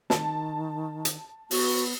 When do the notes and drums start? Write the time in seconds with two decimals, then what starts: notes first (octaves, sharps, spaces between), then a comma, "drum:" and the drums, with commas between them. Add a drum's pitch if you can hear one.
0.10 D#3 A5, drum: snare
1.05 drum: hi-hat
1.51 B3 F#4, drum: open hi-hat